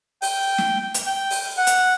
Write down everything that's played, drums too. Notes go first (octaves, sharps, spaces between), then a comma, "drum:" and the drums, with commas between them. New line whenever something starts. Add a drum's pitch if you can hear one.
G5, drum: open hi-hat
drum: snare
drum: hi-hat
G5
drum: open hi-hat
F#5
drum: hi-hat